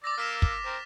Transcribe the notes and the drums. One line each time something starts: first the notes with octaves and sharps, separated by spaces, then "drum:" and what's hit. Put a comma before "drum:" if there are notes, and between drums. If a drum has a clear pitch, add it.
D5 D6 E6 A6 A#6
A#3 E6 F6 B6 E7
drum: kick
C4 A#4